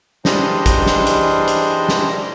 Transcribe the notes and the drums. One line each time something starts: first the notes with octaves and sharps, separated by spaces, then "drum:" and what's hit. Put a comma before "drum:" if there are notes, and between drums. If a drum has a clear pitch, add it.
E3 G3 G#3 D4 C5 D#5, drum: snare
drum: kick, hi-hat
drum: snare
drum: hi-hat
drum: hi-hat
drum: snare